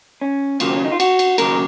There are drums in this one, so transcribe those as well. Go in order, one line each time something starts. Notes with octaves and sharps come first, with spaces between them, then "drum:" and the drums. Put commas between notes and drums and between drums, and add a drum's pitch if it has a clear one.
C#4
D#2 C#3 F#3 A#3 F4, drum: cymbal
C4
C#4
D#4
F4
F#4, drum: cymbal
drum: cymbal
D#2 C#3 F#3 A#3 A#4, drum: cymbal